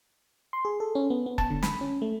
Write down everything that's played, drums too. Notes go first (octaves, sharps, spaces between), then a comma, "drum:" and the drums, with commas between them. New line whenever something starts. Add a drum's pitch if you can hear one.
C6
G#4
A4
C#4
B3
B3
A5, drum: kick E1
D3
B5, drum: snare
C#4
A3